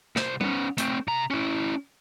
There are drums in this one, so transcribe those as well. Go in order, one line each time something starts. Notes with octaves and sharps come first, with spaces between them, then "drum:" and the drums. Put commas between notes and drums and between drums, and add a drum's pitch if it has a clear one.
C2 C5, drum: snare
B3 C#4, drum: tom G3
A3 C4, drum: hi-hat
C3 A#5
C#4 E4